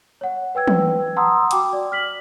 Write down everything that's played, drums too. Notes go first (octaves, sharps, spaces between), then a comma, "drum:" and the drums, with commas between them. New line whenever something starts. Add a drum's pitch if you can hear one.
C#5 F#5
B4 G5 E6 G#6
drum: tom E3
F#5 A5 A#5 C6 D#6 E6
F#4 G5 B5 D6, drum: hi-hat
D5
F6 B6 F#7